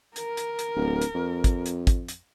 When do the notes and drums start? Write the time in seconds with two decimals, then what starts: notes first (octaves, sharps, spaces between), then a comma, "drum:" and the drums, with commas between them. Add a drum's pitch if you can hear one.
0.16 A#4, drum: hi-hat
0.37 drum: hi-hat
0.59 drum: hi-hat
0.76 D1
1.01 drum: hi-hat
1.15 F2
1.44 drum: kick, hi-hat
1.66 drum: hi-hat
1.87 drum: kick, hi-hat
2.08 drum: hi-hat